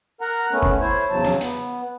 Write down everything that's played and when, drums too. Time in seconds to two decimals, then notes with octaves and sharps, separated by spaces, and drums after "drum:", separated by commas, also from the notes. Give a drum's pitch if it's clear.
0.21 A#4 F#5 A#5
0.52 A3 B3 C#4
0.63 drum: kick F#1
0.80 E4 C5 C#5
1.10 E2 C#3 F#3 A5
1.25 drum: snare
1.41 B3, drum: hi-hat